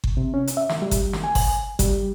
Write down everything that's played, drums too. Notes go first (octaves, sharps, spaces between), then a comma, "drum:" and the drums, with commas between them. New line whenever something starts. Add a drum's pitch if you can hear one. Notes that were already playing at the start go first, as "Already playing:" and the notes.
drum: kick G1
C3
C#4
drum: hi-hat
E5
drum: snare
G3
drum: kick G1, hi-hat
drum: snare
G#5
drum: kick G1, open hi-hat
G3, drum: kick G1, hi-hat